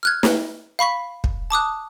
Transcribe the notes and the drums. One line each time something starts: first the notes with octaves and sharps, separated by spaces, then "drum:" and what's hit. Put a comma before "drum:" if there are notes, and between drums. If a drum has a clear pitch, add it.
F6 F#6 G#6
drum: snare
F5 B5 C#6 B6
drum: kick
A5 D6 D#6 F#6